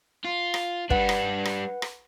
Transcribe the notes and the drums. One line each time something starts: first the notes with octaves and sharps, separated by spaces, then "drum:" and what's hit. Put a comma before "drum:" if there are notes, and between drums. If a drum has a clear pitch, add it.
F4
drum: rim click
G3 D4 B4 F#5, drum: kick
drum: rim click
drum: rim click
drum: rim click